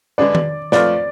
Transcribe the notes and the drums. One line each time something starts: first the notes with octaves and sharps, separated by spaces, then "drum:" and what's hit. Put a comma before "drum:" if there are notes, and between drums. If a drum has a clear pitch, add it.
D3 G#3 D4 G#4 B4 D5
drum: tom D#3
F2 F3 A3 F4 B4 D5, drum: snare